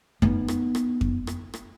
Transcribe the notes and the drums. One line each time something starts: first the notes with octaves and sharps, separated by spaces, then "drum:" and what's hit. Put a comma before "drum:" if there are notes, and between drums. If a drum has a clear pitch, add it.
B3 D#4, drum: kick F2
drum: rim click
drum: rim click
drum: kick F2
drum: rim click
drum: rim click